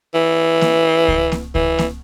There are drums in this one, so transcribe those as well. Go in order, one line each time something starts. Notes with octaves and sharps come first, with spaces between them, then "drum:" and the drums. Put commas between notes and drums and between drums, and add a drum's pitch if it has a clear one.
E3
drum: snare A#3
drum: kick C#2
drum: snare A#3
E3, drum: kick C#2
drum: snare A#3